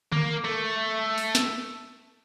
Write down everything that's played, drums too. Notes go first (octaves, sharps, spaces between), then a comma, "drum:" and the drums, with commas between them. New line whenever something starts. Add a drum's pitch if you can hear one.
A#3, drum: tom D3
A3
drum: open hi-hat
drum: snare